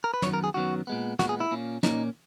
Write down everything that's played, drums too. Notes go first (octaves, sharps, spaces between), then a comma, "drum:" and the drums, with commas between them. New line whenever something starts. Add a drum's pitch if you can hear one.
A#4
B4
F#2 D#3 F#3 B3 C#5, drum: snare
A#4
G#4
F#2 D#3 F#3 B3 F#4
A#2 G#3 B3
A#2 G#3 B3 F#4, drum: snare
G#4
E4
A#2 A#3 C#4
A#2 A#3 C#4 D#4, drum: snare